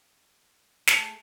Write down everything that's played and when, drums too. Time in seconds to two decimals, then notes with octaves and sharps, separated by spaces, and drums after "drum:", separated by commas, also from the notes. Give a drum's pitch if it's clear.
0.88 A3 G#4 A5, drum: snare